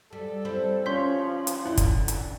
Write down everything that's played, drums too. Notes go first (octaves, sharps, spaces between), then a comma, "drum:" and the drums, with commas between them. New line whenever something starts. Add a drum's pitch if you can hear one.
G3 A4
G3 C4 E4
F3 C#4 C#5 C6 G6 B6
drum: hi-hat
E2 D3 E4
drum: kick, hi-hat
drum: hi-hat